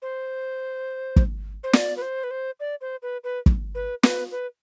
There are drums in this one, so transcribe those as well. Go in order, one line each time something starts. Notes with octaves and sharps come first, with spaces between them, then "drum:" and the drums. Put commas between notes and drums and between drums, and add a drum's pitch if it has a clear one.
C5
drum: kick
C5
D5, drum: snare
B4
C5
B4
C5
D5
C5
B4
B4
drum: kick
B4
B4, drum: snare
B4